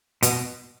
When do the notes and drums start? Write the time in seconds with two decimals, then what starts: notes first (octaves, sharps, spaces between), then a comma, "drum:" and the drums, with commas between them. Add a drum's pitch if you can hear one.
0.23 B2, drum: hi-hat